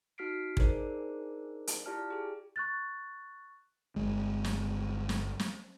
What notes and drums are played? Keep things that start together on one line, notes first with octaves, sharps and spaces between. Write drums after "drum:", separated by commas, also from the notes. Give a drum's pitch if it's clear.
D#4 F#4 F6 B6 C7 D7
D4 D#4 G#4 A#4 C5 D5, drum: kick
drum: hi-hat
E4 F4 G4 D5 A5 F6
G4 G#4
C#6 F#6 A6
G1 G#3
drum: snare
drum: snare
drum: snare